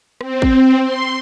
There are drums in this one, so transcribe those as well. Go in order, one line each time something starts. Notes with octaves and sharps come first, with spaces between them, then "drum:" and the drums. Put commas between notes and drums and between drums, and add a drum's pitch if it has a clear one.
C4, drum: rim click
drum: kick
C6